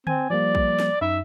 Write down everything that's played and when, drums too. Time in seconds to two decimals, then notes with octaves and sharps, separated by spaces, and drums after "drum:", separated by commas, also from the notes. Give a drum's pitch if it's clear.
0.07 C4 G#5 G#6, drum: tom D3
0.30 F3 G3 A#3 D5
0.55 drum: kick A#1
0.79 drum: snare
1.01 F#2 D#4 E5